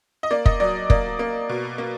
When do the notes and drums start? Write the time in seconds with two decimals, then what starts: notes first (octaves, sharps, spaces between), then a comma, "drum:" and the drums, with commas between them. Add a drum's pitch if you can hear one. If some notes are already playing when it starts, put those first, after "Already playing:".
0.23 D#5
0.31 A#3 D5
0.46 D#5, drum: kick
0.60 F#3 D5
0.90 A#3 D5, drum: kick
1.19 A#3
1.49 B2
1.78 A#3